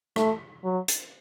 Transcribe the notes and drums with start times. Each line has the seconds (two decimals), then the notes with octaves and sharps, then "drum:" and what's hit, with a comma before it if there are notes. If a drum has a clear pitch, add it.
0.16 A3, drum: rim click
0.64 F#3
0.88 drum: hi-hat